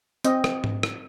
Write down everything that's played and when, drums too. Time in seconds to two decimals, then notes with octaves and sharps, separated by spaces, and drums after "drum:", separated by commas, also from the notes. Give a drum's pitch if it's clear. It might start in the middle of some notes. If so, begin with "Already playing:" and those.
0.24 C4 D#5, drum: hi-hat
0.44 drum: rim click
0.64 drum: tom G#2
0.83 drum: rim click